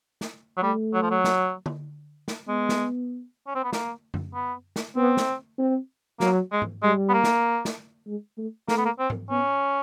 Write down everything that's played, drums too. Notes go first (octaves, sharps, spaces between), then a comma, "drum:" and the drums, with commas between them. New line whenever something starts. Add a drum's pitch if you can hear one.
drum: snare
F#3
G3 A3
F#3
F3
F#3
drum: snare
drum: tom D3
drum: snare
G#3 B3
drum: snare
C#4
C4
B3
A#3, drum: snare
drum: tom
B3
drum: snare
B3 C4
drum: snare
C4
F#3 A#3, drum: snare
G#3
drum: tom G#2
G3 G#3
B3
A#3
drum: snare
drum: snare
G#3
A3
A3 A#3, drum: snare
B3
A#3
C4
drum: tom G#2
B3 C#4